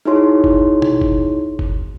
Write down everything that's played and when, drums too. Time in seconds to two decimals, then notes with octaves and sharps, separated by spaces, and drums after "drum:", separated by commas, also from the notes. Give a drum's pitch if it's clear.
0.05 D#4 E4 F#4 G#4 C#5 C6
0.44 drum: kick F#1
0.82 drum: tom B2
1.01 drum: kick F#1
1.59 drum: kick F#1